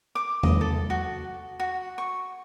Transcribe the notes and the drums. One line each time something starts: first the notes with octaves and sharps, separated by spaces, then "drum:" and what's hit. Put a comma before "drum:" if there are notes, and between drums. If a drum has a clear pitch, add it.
D6
D#5, drum: tom E2
A4
F#4
F#4
C#6